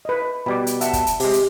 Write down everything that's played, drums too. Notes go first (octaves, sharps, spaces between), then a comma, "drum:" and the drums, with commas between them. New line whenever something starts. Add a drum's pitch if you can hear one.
B4 D#5
B2 G3 B5 D6
drum: hi-hat
E5 F#5 A5, drum: hi-hat
drum: kick, hi-hat
drum: hi-hat
C3 G#3 G4, drum: open hi-hat
drum: hi-hat